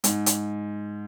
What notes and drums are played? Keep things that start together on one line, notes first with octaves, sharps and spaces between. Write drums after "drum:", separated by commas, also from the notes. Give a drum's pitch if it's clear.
G#2, drum: hi-hat
drum: hi-hat